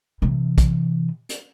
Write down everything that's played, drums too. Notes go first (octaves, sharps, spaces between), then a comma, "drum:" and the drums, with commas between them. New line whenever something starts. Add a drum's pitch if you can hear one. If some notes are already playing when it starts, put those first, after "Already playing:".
C3 E3
drum: kick, hi-hat
drum: hi-hat